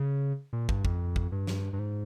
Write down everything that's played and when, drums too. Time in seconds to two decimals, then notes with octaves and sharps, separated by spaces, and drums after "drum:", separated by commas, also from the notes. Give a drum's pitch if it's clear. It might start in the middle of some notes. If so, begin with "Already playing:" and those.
Already playing: C#3
0.53 A#2
0.69 G2, drum: kick
0.85 F2, drum: kick
1.16 drum: kick
1.32 G2
1.47 drum: snare
1.73 G2
1.79 G#2